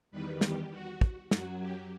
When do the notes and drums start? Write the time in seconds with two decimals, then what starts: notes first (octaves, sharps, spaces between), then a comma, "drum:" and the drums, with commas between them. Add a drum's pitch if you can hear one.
0.11 E2 D#3 G3 B4
0.41 G4, drum: snare
0.71 F#4
1.01 drum: kick
1.31 F#2 F#3 F#4, drum: snare
1.61 G4